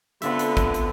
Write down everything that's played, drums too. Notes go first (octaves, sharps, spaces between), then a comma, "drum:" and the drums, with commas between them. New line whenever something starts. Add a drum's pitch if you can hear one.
D3 B3 C4 F4 E5, drum: hi-hat
drum: hi-hat
drum: kick, hi-hat
drum: hi-hat